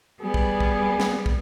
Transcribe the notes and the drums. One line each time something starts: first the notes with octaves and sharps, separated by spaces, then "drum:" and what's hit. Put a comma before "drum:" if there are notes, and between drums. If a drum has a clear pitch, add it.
G3 B3 G#4
drum: kick
drum: kick
drum: snare
drum: kick